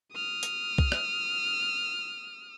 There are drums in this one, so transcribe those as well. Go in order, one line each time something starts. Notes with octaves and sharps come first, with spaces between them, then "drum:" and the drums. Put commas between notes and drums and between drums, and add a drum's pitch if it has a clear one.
D#6 F6
drum: hi-hat
drum: kick
drum: rim click